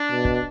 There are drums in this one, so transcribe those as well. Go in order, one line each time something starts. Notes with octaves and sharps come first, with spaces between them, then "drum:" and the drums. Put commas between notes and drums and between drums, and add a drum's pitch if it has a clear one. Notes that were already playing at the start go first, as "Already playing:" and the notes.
Already playing: D4
B2
drum: kick